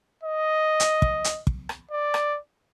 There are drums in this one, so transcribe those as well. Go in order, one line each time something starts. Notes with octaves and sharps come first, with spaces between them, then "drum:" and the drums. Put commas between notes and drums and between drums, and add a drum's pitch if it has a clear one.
D#5
drum: hi-hat
drum: kick
drum: hi-hat
drum: kick
drum: rim click
D5
drum: rim click